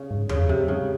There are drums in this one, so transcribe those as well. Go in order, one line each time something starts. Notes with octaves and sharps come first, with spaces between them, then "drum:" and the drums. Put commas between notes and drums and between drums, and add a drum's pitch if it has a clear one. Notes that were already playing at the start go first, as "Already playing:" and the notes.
Already playing: C#3
G#2
F#2 C#3, drum: tom E2
F#2 C3
G#2 C#3